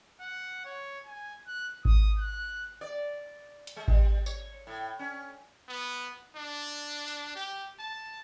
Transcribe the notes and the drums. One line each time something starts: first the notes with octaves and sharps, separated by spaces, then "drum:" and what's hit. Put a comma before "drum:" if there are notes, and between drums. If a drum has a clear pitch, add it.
F#5
C#5
G#5
F#6
D#6, drum: kick G#1
F#6
D5
drum: hi-hat
G#3
G3, drum: kick G#1
C#5, drum: tambourine
A2
C#4
B3
D4
drum: hi-hat
G4
A5